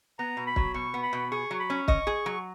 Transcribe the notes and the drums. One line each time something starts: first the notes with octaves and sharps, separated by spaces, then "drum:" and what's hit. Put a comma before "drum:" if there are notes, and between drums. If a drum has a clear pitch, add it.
B3 A#5
B2
B5
F#3, drum: kick
B2 C#6
B3
B5
B2
G#4 C#6
F#3
B5
C#4
D#5 C#6, drum: kick
G#4
F#3